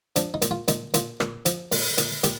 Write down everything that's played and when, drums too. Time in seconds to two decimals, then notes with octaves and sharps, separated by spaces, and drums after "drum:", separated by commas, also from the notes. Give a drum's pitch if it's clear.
0.16 F3 D4, drum: hi-hat
0.34 D#4
0.42 A#2, drum: hi-hat
0.51 F4
0.68 A#2 D#4, drum: hi-hat
0.94 A#2 F4, drum: hi-hat
1.20 A#2, drum: rim click
1.46 F3, drum: hi-hat
1.72 A#2, drum: open hi-hat
1.98 A#2, drum: hi-hat
2.23 A#2 G4, drum: hi-hat